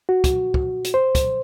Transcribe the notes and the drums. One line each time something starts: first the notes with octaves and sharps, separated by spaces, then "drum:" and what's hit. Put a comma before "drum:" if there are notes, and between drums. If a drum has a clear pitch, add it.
F#4
drum: kick, hi-hat
drum: kick
drum: hi-hat
C5
drum: kick, hi-hat